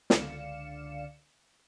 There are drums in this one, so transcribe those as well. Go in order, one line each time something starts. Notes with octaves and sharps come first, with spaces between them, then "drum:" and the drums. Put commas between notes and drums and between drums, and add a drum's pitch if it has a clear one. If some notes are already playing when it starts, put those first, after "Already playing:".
C#2 D3 D5 F5 C#7 E7, drum: snare